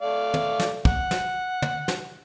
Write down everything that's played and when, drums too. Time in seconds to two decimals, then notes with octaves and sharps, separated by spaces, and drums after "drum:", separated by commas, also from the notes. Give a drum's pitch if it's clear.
0.01 A3 D5 F5
0.34 drum: tom
0.59 drum: snare
0.85 F#5, drum: kick
1.11 drum: snare
1.62 drum: tom
1.88 drum: snare